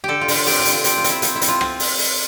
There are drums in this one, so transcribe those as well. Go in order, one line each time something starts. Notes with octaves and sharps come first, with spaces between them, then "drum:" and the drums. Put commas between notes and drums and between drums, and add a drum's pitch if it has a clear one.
D3 G4 A4
F4
D3, drum: open hi-hat
F4
C4 G4, drum: open hi-hat
F4
D3, drum: hi-hat
F4
C4 G4, drum: hi-hat
F4
C4, drum: hi-hat
E4
C4 F4, drum: hi-hat
E4
C4, drum: hi-hat
F4
C4, drum: rim click
drum: open hi-hat
drum: open hi-hat